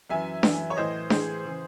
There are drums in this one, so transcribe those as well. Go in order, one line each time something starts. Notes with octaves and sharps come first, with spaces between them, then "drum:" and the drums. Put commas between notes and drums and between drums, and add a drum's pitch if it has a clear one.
F#2 E3 E5 G#5
F#2 E3, drum: snare D4
C#5
A2 E3 C5 D#5
A2 E3 G#4 C5, drum: snare D4
C#3 E3